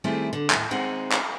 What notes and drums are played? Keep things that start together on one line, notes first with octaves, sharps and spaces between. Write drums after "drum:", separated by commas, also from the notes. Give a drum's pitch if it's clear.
D#3 G3 A3 C4 E4 G#4
D3 C4
D#2 A2, drum: clap
D#3 G#3 C4 D#4 F#5
drum: clap